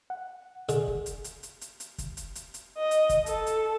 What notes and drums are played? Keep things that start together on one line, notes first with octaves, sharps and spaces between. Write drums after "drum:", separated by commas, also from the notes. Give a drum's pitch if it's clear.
F#5
D3 G#4, drum: hi-hat
drum: kick
drum: hi-hat
drum: hi-hat
drum: hi-hat
drum: hi-hat
drum: hi-hat
drum: kick, hi-hat
drum: hi-hat
drum: hi-hat
drum: hi-hat
D#5
drum: hi-hat
drum: kick, hi-hat
A4, drum: hi-hat
drum: hi-hat